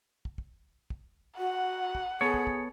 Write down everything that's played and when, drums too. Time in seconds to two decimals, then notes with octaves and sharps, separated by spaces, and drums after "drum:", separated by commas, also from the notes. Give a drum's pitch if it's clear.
0.25 drum: kick
0.38 drum: kick
0.90 drum: kick
1.38 F#4 F#5
1.95 drum: kick
2.21 B3 G#4 A4 C#5
2.34 drum: kick
2.47 drum: kick